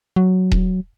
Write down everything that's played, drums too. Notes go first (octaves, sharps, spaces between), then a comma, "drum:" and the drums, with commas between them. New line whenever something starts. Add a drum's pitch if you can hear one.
F#3
drum: kick D#1